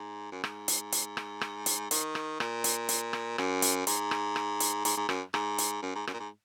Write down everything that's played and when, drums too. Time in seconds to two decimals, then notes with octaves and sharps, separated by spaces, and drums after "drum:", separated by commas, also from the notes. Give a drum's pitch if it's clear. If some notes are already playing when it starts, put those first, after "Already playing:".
Already playing: G#2
0.32 F#2
0.44 G#2, drum: rim click
0.68 drum: hi-hat
0.92 drum: hi-hat
1.17 drum: rim click
1.41 drum: rim click
1.66 drum: hi-hat
1.91 D#3, drum: hi-hat
2.15 drum: rim click
2.40 A#2, drum: rim click
2.64 drum: hi-hat
2.89 drum: hi-hat
3.13 drum: rim click
3.38 F#2, drum: rim click
3.62 drum: hi-hat
3.87 G#2, drum: hi-hat
4.11 drum: rim click
4.36 drum: rim click
4.60 drum: hi-hat
4.85 G#2, drum: hi-hat
4.97 G#2
5.09 F#2, drum: rim click
5.34 G#2, drum: rim click
5.58 drum: hi-hat
5.83 F#2
5.95 G#2
6.07 F#2, drum: rim click
6.14 A#2
6.20 G#2